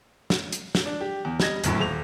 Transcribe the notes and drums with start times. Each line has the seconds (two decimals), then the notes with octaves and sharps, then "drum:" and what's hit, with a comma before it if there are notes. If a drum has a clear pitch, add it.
0.30 drum: snare
0.52 drum: hi-hat
0.75 drum: snare
0.86 D4
1.00 G4
1.25 E2
1.40 G3 D#5 G#6 A#6, drum: snare
1.64 F#1 F#2 A2, drum: hi-hat
1.79 D#1 F7